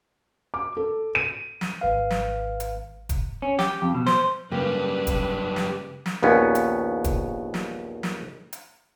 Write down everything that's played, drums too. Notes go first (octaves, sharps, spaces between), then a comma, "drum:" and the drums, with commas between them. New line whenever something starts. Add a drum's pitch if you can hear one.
D6
A4
D#7
drum: snare
G#1 B4 F5
drum: snare
drum: hi-hat
drum: kick, hi-hat
C#4
G4, drum: snare
F2
B2
C5, drum: snare
F#2 C#3 G3 A#3 G4 B4
drum: kick, hi-hat
drum: snare
drum: snare
A#1 D#2 B3 C#4
drum: hi-hat
drum: kick, hi-hat
drum: snare
drum: snare
drum: hi-hat